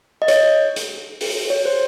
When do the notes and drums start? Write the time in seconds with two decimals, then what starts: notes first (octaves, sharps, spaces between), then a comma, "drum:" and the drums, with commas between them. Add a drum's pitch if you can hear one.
0.22 D#5
0.28 C#5, drum: hi-hat
0.76 drum: hi-hat
1.21 drum: open hi-hat
1.50 C#5
1.65 C5